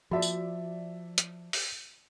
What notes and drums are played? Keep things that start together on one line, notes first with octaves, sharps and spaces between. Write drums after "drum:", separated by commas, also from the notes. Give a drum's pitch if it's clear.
F3 F#4 D5 E5 A5
drum: tambourine
drum: hi-hat
drum: open hi-hat